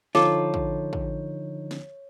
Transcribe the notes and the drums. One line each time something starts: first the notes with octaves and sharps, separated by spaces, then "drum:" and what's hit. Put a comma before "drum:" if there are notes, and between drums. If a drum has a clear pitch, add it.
D3 F3 D#4 F4 A4 C#5 D6, drum: snare
drum: kick
drum: kick
drum: snare